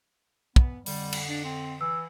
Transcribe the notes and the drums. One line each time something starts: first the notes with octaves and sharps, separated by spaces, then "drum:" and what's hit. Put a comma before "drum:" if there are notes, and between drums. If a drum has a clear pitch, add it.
E3 B3, drum: kick
F2 D3 G3, drum: open hi-hat
drum: cymbal
D4
C4
E3 E6